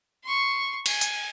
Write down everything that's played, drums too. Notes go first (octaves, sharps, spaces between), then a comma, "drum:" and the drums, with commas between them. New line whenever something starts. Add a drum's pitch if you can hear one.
C6 C#6
G#5, drum: cymbal
drum: hi-hat